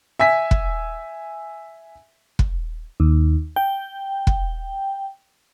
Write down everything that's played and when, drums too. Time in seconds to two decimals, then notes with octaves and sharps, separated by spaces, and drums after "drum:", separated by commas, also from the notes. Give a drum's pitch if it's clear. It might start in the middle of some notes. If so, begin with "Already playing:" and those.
0.19 E5 G#5 B6
0.51 drum: kick
2.39 drum: kick
3.00 D#2
3.56 G5
4.27 drum: kick